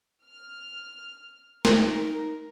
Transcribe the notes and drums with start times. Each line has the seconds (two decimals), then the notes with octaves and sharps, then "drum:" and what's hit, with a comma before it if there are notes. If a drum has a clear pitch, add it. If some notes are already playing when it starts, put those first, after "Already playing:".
0.25 F6
1.65 D#4 A#4, drum: snare